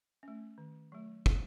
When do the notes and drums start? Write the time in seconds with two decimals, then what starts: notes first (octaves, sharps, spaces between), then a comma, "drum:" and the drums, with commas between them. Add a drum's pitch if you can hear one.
0.23 A3 C#4
0.58 D#3
0.92 F#3 A3
1.26 drum: kick